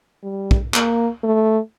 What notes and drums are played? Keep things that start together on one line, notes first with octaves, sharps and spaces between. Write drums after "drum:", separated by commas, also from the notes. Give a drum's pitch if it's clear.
G3
drum: kick
A#3, drum: clap
A3